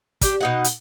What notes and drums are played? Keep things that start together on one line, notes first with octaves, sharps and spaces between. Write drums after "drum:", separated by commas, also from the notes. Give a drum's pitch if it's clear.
D4 G4, drum: kick, hi-hat
B2 D#4 F#5
drum: hi-hat